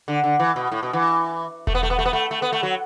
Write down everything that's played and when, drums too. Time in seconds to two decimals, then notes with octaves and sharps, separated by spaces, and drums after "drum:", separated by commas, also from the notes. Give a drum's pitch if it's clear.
0.08 D3
0.24 D3
0.40 E3
0.56 B2
0.72 A2
0.83 B2
0.93 E3
1.67 A3, drum: kick E1
1.75 B3
1.83 A3
1.90 B3
1.99 A3
2.05 B3
2.13 A3
2.31 A3
2.42 B3
2.53 A3
2.63 F#3